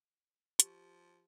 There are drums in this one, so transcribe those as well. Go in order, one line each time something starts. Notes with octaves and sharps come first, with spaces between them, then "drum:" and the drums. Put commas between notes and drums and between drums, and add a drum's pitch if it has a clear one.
F3 G4, drum: hi-hat